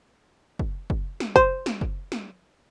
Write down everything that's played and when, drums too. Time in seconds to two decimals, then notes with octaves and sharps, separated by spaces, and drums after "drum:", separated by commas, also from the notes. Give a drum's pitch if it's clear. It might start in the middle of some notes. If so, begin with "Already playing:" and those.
0.59 drum: kick
0.90 drum: kick
1.20 drum: snare
1.36 C5, drum: kick
1.66 drum: snare
1.81 drum: kick
2.12 drum: snare